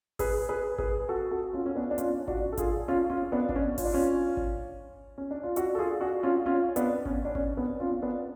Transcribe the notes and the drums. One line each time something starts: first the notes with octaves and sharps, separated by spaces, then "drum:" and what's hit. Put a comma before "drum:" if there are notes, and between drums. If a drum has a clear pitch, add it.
G#4 B4, drum: kick G#1, open hi-hat
G#4 B4
G#4 B4, drum: kick G#1
F#4 A4
F#4 A4
C#4 F4
C#4
B3 D4
D4
C#4 F4, drum: hi-hat
D4 F#4, drum: kick G#1
A4
F4 G#4, drum: kick G#1, hi-hat
C#4 F4
C#4 F4
B3 D4
D4, drum: kick G#1
C#4
F4, drum: kick G#1, open hi-hat
D4
C#4 F4
drum: kick G#1
C#4
D4
F4
D4 F#4, drum: hi-hat
A4
F4 G#4
D4 F#4
C#4 F4
C#4 F4
B3 D4, drum: hi-hat
C#4, drum: kick G#1
D4
C#4, drum: kick G#1
B3 D4
C#4 F4
B3 D4